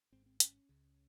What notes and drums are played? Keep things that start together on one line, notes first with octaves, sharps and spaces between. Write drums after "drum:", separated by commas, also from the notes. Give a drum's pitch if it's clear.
G#1 G#2 C4
C4
C#4, drum: hi-hat
C#2 C#3